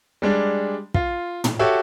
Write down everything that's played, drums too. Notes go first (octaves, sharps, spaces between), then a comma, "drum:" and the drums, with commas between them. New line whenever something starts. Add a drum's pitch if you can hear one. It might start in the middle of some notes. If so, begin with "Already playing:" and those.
G3 G#3 D4
F4, drum: kick
drum: tom
F#4 G4 A4 C#5 E5